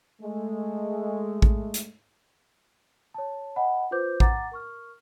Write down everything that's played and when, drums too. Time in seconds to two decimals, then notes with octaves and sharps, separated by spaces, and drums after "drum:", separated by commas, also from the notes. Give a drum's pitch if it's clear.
0.22 G#3 A3
1.42 drum: kick A1
1.74 drum: hi-hat
3.14 C#5 A5
3.56 D#5 F#5 G#5 B5
3.91 F4 B4 C5 D6 G6
4.20 F#5 A#5 D6 A6, drum: kick A1
4.52 A#4 C#6 F6